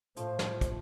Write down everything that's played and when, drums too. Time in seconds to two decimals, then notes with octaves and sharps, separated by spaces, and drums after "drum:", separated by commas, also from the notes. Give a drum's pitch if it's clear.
0.16 A2 F3 A3 C5 F5, drum: hi-hat
0.39 drum: snare
0.61 drum: kick, hi-hat